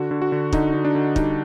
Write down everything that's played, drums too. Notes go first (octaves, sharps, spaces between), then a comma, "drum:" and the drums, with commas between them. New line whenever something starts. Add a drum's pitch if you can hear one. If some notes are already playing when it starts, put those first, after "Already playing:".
Already playing: D3 F#4
D3
F#4
D3
D3 D#4, drum: kick
D3
D4
D3
G3 D#4, drum: kick